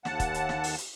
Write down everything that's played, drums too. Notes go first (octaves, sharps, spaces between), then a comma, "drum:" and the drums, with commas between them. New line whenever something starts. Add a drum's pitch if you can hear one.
D#2 F#5 A5, drum: snare
drum: kick, hi-hat
drum: hi-hat
drum: snare
drum: open hi-hat
drum: hi-hat